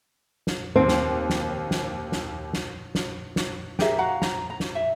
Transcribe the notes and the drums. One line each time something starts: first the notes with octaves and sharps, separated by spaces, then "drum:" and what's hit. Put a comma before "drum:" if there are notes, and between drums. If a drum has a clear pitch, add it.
drum: snare
D#2 C4
drum: snare
drum: snare
drum: snare
drum: snare
drum: snare
drum: snare
drum: snare
G4 G#4 A#4 E5, drum: snare
F#4 F5 F#5 A#5
A#5, drum: snare
A#5
drum: snare
E5